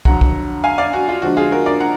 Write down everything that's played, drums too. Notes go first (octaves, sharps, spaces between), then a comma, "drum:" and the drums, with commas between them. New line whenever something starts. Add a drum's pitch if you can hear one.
F2 D3 F#3 F#5 A#5, drum: kick
drum: kick
F5 G#5
D5 F5
F#4
F4
D3 F3 G#3 D4 F#4
F4 G#4
F#4 A#4
A#4 D5
F#5 A#5